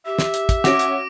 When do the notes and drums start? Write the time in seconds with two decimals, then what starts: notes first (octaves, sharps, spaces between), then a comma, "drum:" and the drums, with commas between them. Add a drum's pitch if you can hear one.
0.06 G4 E5
0.19 drum: snare
0.34 drum: hi-hat
0.49 drum: kick, hi-hat
0.64 C#4 F#4 D6 A#6 D7, drum: snare
0.79 drum: hi-hat